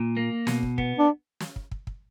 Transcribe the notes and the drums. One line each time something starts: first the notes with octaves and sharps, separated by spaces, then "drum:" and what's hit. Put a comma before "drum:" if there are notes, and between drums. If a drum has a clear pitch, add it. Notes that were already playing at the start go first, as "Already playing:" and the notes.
Already playing: A#2
A#3
B2, drum: snare
drum: kick
B3, drum: kick
D4
drum: snare
drum: kick
drum: kick
drum: kick